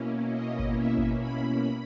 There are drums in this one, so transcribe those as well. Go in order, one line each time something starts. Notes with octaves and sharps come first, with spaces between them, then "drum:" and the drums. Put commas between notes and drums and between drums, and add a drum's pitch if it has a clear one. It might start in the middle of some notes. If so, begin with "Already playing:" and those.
Already playing: B2 A#3 C#4 E4
D#5
drum: kick G#1
E5
drum: kick G#1
B5